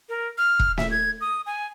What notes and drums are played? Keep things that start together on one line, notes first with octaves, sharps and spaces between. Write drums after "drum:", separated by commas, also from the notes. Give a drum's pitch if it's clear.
A#4
F6
drum: kick E1
E5, drum: snare
G#6
D#6
G#5